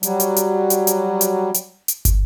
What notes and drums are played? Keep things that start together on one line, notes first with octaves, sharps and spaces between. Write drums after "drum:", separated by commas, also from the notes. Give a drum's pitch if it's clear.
F#3 G3, drum: hi-hat
drum: hi-hat
drum: hi-hat
drum: hi-hat
drum: hi-hat
drum: hi-hat
drum: hi-hat
drum: hi-hat
drum: kick, hi-hat